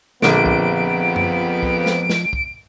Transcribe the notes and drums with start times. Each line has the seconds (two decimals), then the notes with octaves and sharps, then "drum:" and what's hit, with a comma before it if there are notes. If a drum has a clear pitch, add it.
0.22 A#1 F2 D3 F3 B3 C4 D7, drum: snare
0.46 drum: kick
1.16 drum: tom F#2
1.63 drum: kick
1.86 drum: snare
2.10 drum: snare
2.33 drum: kick